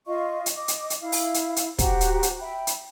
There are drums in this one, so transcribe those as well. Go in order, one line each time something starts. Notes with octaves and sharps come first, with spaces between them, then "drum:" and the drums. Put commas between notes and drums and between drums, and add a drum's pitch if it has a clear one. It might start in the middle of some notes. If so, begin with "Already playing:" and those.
F4 D#5 F5 C#6
drum: hi-hat
D#5 D6
drum: hi-hat
drum: hi-hat
E4 F5
drum: open hi-hat
drum: hi-hat
drum: hi-hat
F#4 G4 C5 A#5, drum: kick, hi-hat
drum: hi-hat
drum: hi-hat
E5 G5 B5
drum: hi-hat